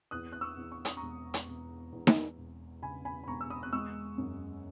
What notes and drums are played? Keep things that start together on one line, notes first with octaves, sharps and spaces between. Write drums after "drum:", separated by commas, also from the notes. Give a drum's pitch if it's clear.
E2 D#6 F#6
F#6
C#6 E6
E2
C#6
D#6, drum: hi-hat
A#5 C#6
E1
drum: hi-hat
E1
E2
drum: snare D#4
E1
C#3 G#5 B5
G#5 B5
B5
E1 A#5 C#6
E6
B5 D#6
F#6
G#3 C#6 E6
F#2